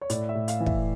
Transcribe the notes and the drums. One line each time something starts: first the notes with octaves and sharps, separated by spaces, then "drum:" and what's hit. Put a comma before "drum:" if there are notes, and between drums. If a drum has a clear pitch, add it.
C#5
A2 D5, drum: hi-hat
E5
A2
F5, drum: hi-hat
E3
E5, drum: kick